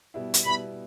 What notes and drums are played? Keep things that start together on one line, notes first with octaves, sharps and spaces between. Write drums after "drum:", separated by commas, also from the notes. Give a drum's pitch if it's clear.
B2 G3 B3 E4
drum: hi-hat
B2 G3 B3 E4 B5